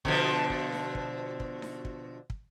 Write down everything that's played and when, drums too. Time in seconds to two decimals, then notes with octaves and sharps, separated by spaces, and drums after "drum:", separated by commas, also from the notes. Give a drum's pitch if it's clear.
0.05 B2 D3 F3, drum: kick
0.50 drum: kick
0.72 drum: snare D#4
0.95 drum: kick
1.40 drum: kick
1.62 drum: snare D#4
1.85 drum: kick
2.30 drum: kick